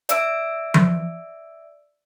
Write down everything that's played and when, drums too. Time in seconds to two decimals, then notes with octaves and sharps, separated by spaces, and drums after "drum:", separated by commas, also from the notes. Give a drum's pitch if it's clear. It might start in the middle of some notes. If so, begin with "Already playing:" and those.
0.09 D5 E5 E6 D7, drum: hi-hat
0.74 drum: tom F3